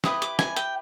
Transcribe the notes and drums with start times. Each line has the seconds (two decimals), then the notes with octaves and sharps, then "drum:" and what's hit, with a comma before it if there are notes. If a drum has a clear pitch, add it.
0.04 E4 G4 B4 D#6, drum: snare
0.22 D6, drum: hi-hat
0.39 G#5, drum: snare
0.56 G5, drum: hi-hat